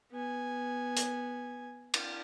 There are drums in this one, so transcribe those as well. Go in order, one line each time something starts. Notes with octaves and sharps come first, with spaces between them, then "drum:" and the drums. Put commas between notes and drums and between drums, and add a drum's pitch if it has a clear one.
B3 G#5
drum: hi-hat
drum: cymbal